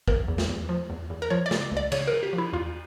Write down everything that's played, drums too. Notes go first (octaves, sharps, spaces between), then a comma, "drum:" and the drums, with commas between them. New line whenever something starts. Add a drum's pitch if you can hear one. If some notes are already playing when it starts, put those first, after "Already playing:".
E2 A#4, drum: kick A1
E2
drum: snare
E2
F3
E2
E2
A#4
F3 C#5
D5
C#3, drum: snare
D5
C#2
D5
C#3 C#5, drum: cymbal
A#4
C#3
G4
F3
E4
E2 F4